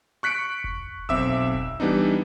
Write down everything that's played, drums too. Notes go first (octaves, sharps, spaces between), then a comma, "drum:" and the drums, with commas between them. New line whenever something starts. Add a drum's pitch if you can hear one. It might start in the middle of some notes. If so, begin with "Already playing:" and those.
C#6 F#6 B6 C#7 D7
drum: kick F1
B1 C4 E5 D6 E6, drum: kick F1
drum: kick F1
E3 G3 B3 D4 D#4